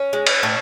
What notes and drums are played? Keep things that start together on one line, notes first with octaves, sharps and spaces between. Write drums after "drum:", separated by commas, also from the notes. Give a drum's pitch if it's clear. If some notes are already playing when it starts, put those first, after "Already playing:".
Already playing: C#4
G#3
drum: cymbal
A2